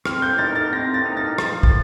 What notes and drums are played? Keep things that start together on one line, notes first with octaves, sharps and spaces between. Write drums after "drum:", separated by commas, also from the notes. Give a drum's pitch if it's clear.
C4 F6, drum: rim click
G6
D#4 A#4 A6
A6
C4 A#6
A6
D#4 A#4
A6
F3 A6, drum: rim click
A6, drum: kick